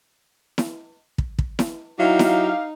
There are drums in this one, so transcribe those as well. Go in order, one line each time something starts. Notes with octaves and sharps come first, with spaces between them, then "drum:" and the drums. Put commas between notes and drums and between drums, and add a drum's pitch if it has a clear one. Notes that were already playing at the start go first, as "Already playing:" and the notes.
drum: snare E4
drum: kick
drum: kick
drum: snare E4
F#3 D#4 E4 G4 F5
drum: snare E4